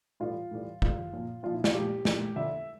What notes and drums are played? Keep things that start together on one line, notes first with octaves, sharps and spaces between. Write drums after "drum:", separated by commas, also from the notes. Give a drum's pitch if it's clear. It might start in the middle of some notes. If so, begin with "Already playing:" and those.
A2 E3 G3 F4
A2 E3 G3
A2 E3 G3 F4, drum: kick
A#2 F3
A#2 F3 F4
E4
F4, drum: snare
A#2 F3 G4
A#2 F3, drum: snare
F2 D3 F3 E5